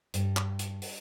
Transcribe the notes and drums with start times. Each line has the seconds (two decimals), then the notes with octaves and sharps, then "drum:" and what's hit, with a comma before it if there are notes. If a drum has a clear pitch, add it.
0.14 G2, drum: hi-hat
0.37 drum: clap
0.59 drum: hi-hat
0.82 drum: open hi-hat